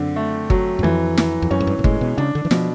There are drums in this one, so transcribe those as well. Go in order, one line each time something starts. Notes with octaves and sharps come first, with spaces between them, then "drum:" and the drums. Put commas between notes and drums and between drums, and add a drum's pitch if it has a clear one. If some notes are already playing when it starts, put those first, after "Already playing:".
Already playing: F#2 D3 C4
A3
F#3, drum: kick G1
F#2
F2 E3
E3, drum: snare
F2
F#2 C#4
G#2
G2
A#2
A2 G#3, drum: kick G1
B2
C#3 D4
D3
E3
B2 F3, drum: snare